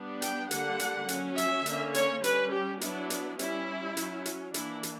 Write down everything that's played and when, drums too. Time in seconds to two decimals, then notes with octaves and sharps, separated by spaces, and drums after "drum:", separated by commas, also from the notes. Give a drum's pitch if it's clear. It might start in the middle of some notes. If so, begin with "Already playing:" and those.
Already playing: G3 B3 D4
0.22 G5, drum: hi-hat
0.51 D3 G3 A#3 D4 F#5, drum: hi-hat
0.79 drum: hi-hat
1.09 F#3 C#4, drum: hi-hat
1.38 E5, drum: hi-hat
1.66 D3 A#3 C#4, drum: hi-hat
1.94 C#5, drum: hi-hat
2.24 G3 C#4 B4, drum: hi-hat
2.53 G4
2.81 F#3 B3 D4 E4, drum: hi-hat
3.10 drum: hi-hat
3.39 G3 C#4 E4, drum: hi-hat
3.97 F#3 C#4, drum: hi-hat
4.26 drum: hi-hat
4.54 E3 A#3 D4 E4, drum: hi-hat
4.83 drum: hi-hat